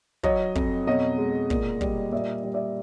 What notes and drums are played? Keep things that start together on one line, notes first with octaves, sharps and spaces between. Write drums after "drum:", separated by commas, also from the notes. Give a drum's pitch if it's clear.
F#3 C#5 D#5, drum: kick
F2, drum: kick
B2 C#5 D#5
G#3
A#2, drum: kick
G3, drum: kick
A#2 D5 E5
G3
D5 E5